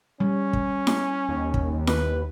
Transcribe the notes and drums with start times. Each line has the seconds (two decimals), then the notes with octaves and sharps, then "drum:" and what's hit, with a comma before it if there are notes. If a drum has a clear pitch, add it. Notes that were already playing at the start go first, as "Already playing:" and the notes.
0.20 G3 C#4
0.53 drum: kick
0.87 drum: snare E4
1.29 D#2
1.54 drum: kick
1.87 B4, drum: snare E4